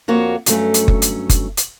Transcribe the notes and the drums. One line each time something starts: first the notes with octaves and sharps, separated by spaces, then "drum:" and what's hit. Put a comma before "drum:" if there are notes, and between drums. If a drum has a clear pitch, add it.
F2 A#3 F#4 C#5
G2 F#3 A3 C#4, drum: hi-hat
drum: hi-hat
drum: kick F#1
drum: hi-hat
drum: kick F#1, hi-hat
drum: hi-hat